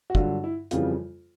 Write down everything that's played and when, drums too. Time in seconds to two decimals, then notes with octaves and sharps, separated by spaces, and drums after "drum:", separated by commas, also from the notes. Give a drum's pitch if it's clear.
0.10 F#4
0.15 G2 D3 F#3 F4, drum: kick
0.44 E4
0.71 F2 C#3 E3 G3 F4, drum: hi-hat